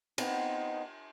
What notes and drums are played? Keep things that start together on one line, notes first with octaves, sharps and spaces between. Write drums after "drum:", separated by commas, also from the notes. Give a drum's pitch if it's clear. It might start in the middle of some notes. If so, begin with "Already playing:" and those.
B3 C4 D#4 C5, drum: cymbal